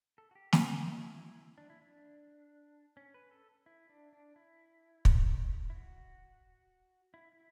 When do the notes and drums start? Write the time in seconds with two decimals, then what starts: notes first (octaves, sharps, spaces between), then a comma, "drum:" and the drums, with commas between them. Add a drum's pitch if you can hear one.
0.18 A4
0.31 F#4
0.35 G4
0.53 G4, drum: snare
0.70 E4
1.58 D4
1.70 E4
1.81 D4
2.97 C#4
3.14 B4
3.31 A4
3.66 E4
3.89 D4
4.13 D4
4.36 E4
5.05 drum: kick
5.70 E4
5.75 F#4
7.14 E4
7.32 E4